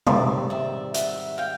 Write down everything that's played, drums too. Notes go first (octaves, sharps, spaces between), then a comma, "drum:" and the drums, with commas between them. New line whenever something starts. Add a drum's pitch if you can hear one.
G#2 D#3 G3 C4 D5 E5, drum: tom B2
D5 E5
E5 F#5, drum: hi-hat
F5 G5